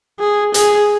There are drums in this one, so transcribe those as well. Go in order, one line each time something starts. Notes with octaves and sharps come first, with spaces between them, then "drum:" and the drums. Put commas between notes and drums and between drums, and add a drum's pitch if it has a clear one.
G#4
G#4, drum: hi-hat